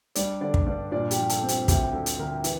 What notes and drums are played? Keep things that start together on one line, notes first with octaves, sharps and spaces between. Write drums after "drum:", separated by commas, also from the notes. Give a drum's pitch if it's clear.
G3 D4 D5, drum: hi-hat
D3 D4 D5
drum: kick
G2 D4 D5
A#2 D4 D5
G4 G5, drum: hi-hat
F3
A4 A5, drum: hi-hat
C4
G4 G5, drum: hi-hat
D2 G4 G5, drum: kick, hi-hat
D3 A4
drum: hi-hat
D3 A#4
E3, drum: hi-hat